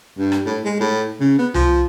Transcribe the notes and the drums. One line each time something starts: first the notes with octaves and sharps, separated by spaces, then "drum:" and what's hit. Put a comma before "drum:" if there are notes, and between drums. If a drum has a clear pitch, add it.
G2
drum: rim click
A2
G#3
A2
C#3
B3
F3, drum: tom C2